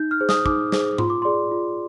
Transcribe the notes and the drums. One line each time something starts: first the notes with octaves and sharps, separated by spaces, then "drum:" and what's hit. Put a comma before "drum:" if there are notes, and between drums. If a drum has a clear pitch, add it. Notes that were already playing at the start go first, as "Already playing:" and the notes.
Already playing: D#4 G6
F6
G#4 C5
D#6, drum: snare
D#4 D6, drum: kick
G#4 C5, drum: snare
F4 C6, drum: tom G#2
D6
G#4 D5 C6
F4